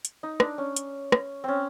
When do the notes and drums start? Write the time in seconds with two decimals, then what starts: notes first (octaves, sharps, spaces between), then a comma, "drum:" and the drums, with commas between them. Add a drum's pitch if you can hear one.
0.05 drum: hi-hat
0.23 D#4
0.40 D4, drum: rim click
0.58 C#4
0.76 drum: hi-hat
1.12 drum: rim click
1.44 C4 C#4